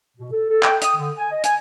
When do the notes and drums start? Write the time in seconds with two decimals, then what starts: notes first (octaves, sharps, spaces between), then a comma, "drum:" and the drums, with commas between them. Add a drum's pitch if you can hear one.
0.17 B2
0.32 A4
0.49 A4
0.63 G5, drum: clap
0.82 D#6, drum: hi-hat
0.96 D3
1.18 G#5
1.31 D#5
1.44 G#5, drum: hi-hat